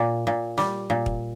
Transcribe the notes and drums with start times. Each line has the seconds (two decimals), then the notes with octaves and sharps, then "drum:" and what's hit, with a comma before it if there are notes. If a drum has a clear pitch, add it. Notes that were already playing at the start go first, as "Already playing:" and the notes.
Already playing: A#2
0.27 A#2
0.58 G3, drum: snare
0.90 A#2
1.06 drum: kick